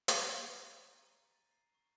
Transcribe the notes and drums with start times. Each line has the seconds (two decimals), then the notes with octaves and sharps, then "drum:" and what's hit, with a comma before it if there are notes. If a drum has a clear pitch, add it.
0.08 drum: hi-hat
0.63 C#7
0.79 A#5
0.93 D#7
1.12 A#6
1.32 A6
1.51 C7
1.74 C#6